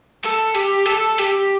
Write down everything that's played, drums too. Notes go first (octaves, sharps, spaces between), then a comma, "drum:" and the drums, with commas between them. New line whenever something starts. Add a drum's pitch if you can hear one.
A4, drum: hi-hat
G4, drum: hi-hat
A4, drum: hi-hat
G4, drum: hi-hat